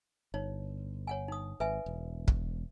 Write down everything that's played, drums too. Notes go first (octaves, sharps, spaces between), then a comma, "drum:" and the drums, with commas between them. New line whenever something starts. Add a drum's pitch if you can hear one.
G1 D#4 C#5
C#5 F#5 G#5
D#4 D#6
G#1 B4 E5 G#5
E1
drum: kick